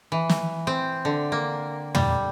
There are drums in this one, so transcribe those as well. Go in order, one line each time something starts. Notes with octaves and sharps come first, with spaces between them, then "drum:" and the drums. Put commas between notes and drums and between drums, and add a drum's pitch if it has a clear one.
E3
drum: snare
C4
D3
A#3
G3, drum: tom